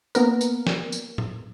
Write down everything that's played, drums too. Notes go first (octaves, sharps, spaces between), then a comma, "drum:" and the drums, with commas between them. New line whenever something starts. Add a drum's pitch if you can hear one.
A#3 B3 A#4, drum: tambourine
drum: tambourine
drum: snare
drum: tambourine
drum: tom A2